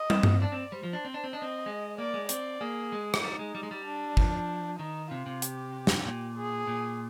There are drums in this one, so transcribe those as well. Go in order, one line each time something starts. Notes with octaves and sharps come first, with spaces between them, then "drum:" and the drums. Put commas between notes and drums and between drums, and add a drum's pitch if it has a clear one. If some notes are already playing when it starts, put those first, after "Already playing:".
Already playing: D#5
C4, drum: tom
drum: tom G2
D4 D5
C4
G3 C5
F3
D4
C4
D4
C4
D4 D#5
C4
G#3
A#3 D5
G#3
C4 D5, drum: hi-hat
A#3 G#4
G#3
drum: rim click
G3 D#4
G#3
G3
G#3
G3
D4
F3, drum: kick
D#3 D#4
C3 F4
C3
G4, drum: hi-hat
drum: snare
A#2
G#4
A#2